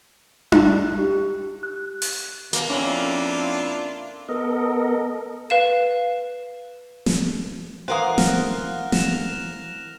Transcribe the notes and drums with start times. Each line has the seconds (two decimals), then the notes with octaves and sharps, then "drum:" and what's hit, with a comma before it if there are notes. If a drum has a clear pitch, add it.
0.52 F#6, drum: tom D4
0.98 G4
1.63 F#6
2.02 drum: open hi-hat
2.53 B2 A#3, drum: hi-hat
2.70 F2 C#4 D4 E4 F4
4.29 B3 A4 A#4 D#5
5.50 B4 F5 E7
7.06 drum: snare
7.88 E3 A#4 C5 F5 F#5 D#6 F#6
8.18 F6 A#6, drum: snare
8.92 A#6 E7 F7, drum: snare